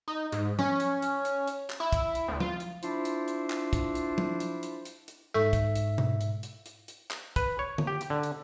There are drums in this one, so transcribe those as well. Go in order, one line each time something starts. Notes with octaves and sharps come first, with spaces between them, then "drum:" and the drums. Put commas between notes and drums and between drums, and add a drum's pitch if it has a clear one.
D#4
G#2, drum: hi-hat
C#4, drum: tom F3
drum: hi-hat
drum: hi-hat
drum: hi-hat
drum: hi-hat
drum: clap
E4
drum: kick, hi-hat
drum: hi-hat
D2
F4, drum: tom F3
drum: hi-hat
D4 E4 F4 C5, drum: hi-hat
drum: hi-hat
drum: hi-hat
drum: clap
drum: kick, hi-hat
drum: hi-hat
drum: tom F3
drum: hi-hat
drum: hi-hat
drum: hi-hat
drum: hi-hat
G#2 A4 E5 C#6
drum: kick, hi-hat
drum: hi-hat
drum: tom B2
drum: hi-hat
drum: hi-hat
drum: hi-hat
drum: hi-hat
drum: clap
B4, drum: kick, hi-hat
C#5
drum: tom D3
G4
drum: hi-hat
D3
drum: hi-hat